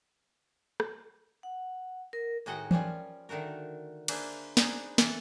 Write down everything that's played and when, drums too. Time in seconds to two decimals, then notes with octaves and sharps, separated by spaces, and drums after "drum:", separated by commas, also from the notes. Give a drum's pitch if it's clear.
0.80 drum: rim click
1.43 F#5
2.13 A#4
2.46 A2 D#3 G#3 F#4 D#5 F#5
2.71 F3 G3 C#4 F4, drum: tom E3
3.29 D3 D#3 A3 F#4 A#4
4.08 A#3 D4 G#4 B4 C5 E5, drum: cymbal
4.57 B3 D4 D#4 G#4 C5, drum: snare
4.98 E3 A4, drum: snare